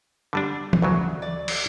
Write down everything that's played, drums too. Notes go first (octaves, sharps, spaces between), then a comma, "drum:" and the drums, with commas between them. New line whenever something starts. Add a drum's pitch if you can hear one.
D3 G3 D4
drum: tom E3
D2 C#3 F#3
D5
drum: cymbal